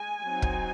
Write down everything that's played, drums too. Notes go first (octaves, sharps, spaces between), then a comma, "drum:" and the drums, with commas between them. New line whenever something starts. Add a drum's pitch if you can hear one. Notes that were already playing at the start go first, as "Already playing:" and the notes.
Already playing: G#3 G#5
F#3 C4 D#4
drum: kick